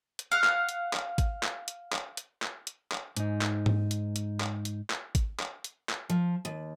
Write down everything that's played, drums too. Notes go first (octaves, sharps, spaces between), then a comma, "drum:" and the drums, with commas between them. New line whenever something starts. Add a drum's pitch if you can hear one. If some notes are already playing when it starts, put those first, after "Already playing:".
drum: hi-hat
F5 F#5
drum: clap
drum: hi-hat
drum: clap
drum: kick G#1, hi-hat
drum: clap
drum: hi-hat
drum: clap
drum: hi-hat
drum: clap
drum: hi-hat
drum: clap
G#2 D#4, drum: hi-hat
drum: clap
drum: tom G#2
drum: hi-hat
drum: hi-hat
drum: clap
drum: hi-hat
drum: clap
drum: kick G#1, hi-hat
drum: clap
drum: hi-hat
drum: clap
F3
D#2